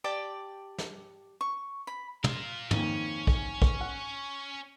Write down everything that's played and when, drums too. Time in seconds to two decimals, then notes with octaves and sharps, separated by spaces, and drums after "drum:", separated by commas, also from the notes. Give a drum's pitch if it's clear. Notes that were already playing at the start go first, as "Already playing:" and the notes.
0.04 G4 D5 G5 A5
0.78 drum: snare
1.41 C#6
1.87 B5
2.24 F4 A#4, drum: tom
2.71 F2 D#3 A#3 C#4, drum: tom
3.27 drum: kick
3.62 drum: kick
3.81 F#5